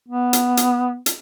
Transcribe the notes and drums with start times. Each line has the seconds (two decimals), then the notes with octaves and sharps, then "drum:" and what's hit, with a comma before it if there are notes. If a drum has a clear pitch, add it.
0.09 B3
0.33 drum: hi-hat
0.57 drum: hi-hat
1.06 drum: hi-hat